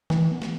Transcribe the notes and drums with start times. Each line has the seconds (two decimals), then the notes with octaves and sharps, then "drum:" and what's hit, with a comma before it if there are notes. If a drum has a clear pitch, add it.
0.10 E3, drum: snare
0.31 B3
0.42 drum: snare